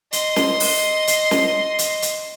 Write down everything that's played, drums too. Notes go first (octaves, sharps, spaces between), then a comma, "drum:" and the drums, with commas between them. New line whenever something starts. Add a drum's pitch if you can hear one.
D#5 C6, drum: hi-hat
drum: snare
drum: open hi-hat
drum: hi-hat
drum: snare
drum: hi-hat
drum: hi-hat